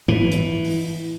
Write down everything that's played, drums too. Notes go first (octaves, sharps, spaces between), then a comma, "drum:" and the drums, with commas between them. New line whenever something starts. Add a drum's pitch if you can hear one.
E3, drum: tom G#2
drum: hi-hat
drum: open hi-hat